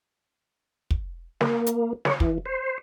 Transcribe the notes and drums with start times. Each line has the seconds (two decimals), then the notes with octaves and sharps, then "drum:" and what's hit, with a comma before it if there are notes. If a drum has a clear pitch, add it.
0.91 drum: kick
1.41 A#3, drum: snare
1.67 drum: hi-hat
2.05 C#5, drum: snare
2.20 E3, drum: kick
2.46 C5